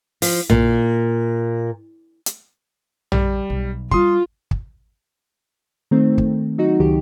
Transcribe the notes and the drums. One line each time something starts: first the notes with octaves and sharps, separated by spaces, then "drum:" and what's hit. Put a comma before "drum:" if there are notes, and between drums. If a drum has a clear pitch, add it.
F3, drum: open hi-hat
A#2, drum: tom A#1
drum: hi-hat
G3, drum: tom A#1
B1
G3 F4 C6 D#6, drum: kick
drum: kick
D#3 A3 C4
drum: kick
F#3 D#4 F#4
C#2 D#3 G4